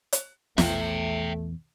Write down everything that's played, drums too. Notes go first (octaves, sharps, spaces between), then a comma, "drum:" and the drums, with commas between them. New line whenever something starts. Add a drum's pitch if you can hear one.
drum: hi-hat
A#1 E2 A3 E5 G5, drum: snare